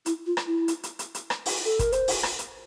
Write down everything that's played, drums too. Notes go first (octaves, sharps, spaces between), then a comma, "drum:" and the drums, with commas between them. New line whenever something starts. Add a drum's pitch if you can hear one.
E4, drum: hi-hat
F4
drum: rim click
E4
drum: hi-hat
drum: hi-hat
drum: hi-hat
drum: hi-hat
drum: rim click
drum: open hi-hat
A4
A#4, drum: kick, hi-hat
C5, drum: hi-hat
drum: open hi-hat
drum: rim click
drum: hi-hat